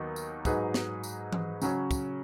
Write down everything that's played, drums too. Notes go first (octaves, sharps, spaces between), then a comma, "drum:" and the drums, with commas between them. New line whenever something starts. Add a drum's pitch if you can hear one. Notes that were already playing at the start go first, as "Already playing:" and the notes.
Already playing: D#2 D#3 F#3 B3 D#4
drum: tambourine
G#2 F#3 D#4 G#4 B4, drum: kick, tambourine
drum: snare
drum: tambourine
drum: tom E3
C#3 F#3 C#4, drum: tambourine
drum: kick, tambourine